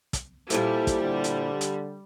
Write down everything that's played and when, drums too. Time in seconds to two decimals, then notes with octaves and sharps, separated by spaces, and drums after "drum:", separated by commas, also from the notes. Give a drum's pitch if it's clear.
0.13 drum: kick, hi-hat
0.50 A#2 G3 E4 A4 C5, drum: hi-hat
0.87 drum: kick, hi-hat
1.02 D3
1.24 drum: hi-hat
1.61 drum: hi-hat